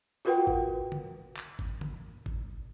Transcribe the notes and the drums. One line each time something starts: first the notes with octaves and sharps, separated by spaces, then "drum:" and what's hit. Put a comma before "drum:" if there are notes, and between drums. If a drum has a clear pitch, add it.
F4 F#4 A#4 B4 F#5 G5
drum: kick G#1
drum: tom D3
drum: clap
drum: kick G#1
drum: tom D3
drum: kick G#1